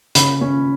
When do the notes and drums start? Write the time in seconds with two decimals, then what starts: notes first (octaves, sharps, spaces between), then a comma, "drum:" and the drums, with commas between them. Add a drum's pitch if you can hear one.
0.15 C#3 B5, drum: hi-hat
0.41 C#4